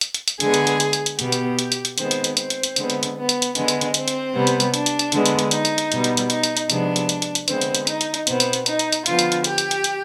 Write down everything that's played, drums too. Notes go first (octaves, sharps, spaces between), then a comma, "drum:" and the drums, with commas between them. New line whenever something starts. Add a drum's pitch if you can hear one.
drum: hi-hat
drum: hi-hat
drum: hi-hat
D3 G#3 B3 G#4, drum: hi-hat
drum: hi-hat
drum: hi-hat
drum: hi-hat
drum: hi-hat
drum: hi-hat
B2 B3 G4, drum: hi-hat
drum: hi-hat
drum: hi-hat
drum: hi-hat
drum: hi-hat
D#3 G#3 B3 C4, drum: hi-hat
drum: hi-hat
drum: hi-hat
C4, drum: hi-hat
drum: hi-hat
drum: hi-hat
D3 G#3 B3, drum: hi-hat
drum: hi-hat
drum: hi-hat
B3
drum: hi-hat
drum: hi-hat
D3 G#3 B3, drum: hi-hat
drum: hi-hat
drum: hi-hat
C4, drum: hi-hat
drum: hi-hat
C3 G3 B3
drum: hi-hat
drum: hi-hat
D4, drum: hi-hat
drum: hi-hat
drum: hi-hat
D3 G#3 B3, drum: hi-hat
drum: hi-hat
drum: hi-hat
D#4, drum: hi-hat
drum: hi-hat
drum: hi-hat
B2 G3 B3, drum: hi-hat
drum: hi-hat
drum: hi-hat
D#4, drum: hi-hat
drum: hi-hat
drum: hi-hat
C3 F3 G#3 B3 D4, drum: hi-hat
drum: hi-hat
drum: hi-hat
drum: hi-hat
drum: hi-hat
D3 G#3 B3 C4, drum: hi-hat
drum: hi-hat
drum: hi-hat
D#4, drum: hi-hat
drum: hi-hat
drum: hi-hat
B2 B3 C4, drum: hi-hat
drum: hi-hat
drum: hi-hat
D#4, drum: hi-hat
drum: hi-hat
drum: hi-hat
D3 F3 B3 F4, drum: hi-hat
drum: hi-hat
drum: hi-hat
G4, drum: hi-hat
drum: hi-hat
drum: hi-hat
drum: hi-hat